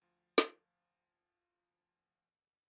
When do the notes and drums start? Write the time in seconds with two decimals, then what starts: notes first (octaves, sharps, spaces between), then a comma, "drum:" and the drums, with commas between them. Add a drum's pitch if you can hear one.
0.01 D2 F3 F4
0.38 drum: snare